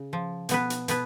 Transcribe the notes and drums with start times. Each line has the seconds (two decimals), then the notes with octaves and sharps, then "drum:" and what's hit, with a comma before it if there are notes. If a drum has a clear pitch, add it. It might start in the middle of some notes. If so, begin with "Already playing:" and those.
Already playing: C#3
0.13 F3
0.49 B2 B3 B4, drum: hi-hat
0.70 drum: hi-hat
0.88 B2 B3 B4, drum: hi-hat